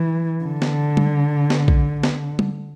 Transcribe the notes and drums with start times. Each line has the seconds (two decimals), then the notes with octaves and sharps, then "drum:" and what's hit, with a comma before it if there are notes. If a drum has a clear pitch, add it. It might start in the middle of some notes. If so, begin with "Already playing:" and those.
Already playing: E3
0.44 D3
0.62 drum: snare
0.97 drum: tom G3
1.50 drum: snare
1.68 drum: kick A#1
2.03 drum: snare
2.39 drum: tom G3